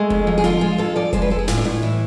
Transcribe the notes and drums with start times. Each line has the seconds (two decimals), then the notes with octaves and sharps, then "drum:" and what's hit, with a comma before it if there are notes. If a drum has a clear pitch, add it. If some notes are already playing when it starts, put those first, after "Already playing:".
Already playing: G#3 A3
0.10 F2, drum: kick F1
0.27 F3
0.38 G#4
0.44 D3 F4, drum: hi-hat
0.61 G#3
0.78 F2 A4
0.96 F3 D5
1.13 G#3 C5, drum: kick F1, hi-hat
1.22 B4
1.30 G#3 A4
1.39 G#4
1.48 A2 F4, drum: snare
1.57 D4
1.65 A2 E4
1.82 E3 E4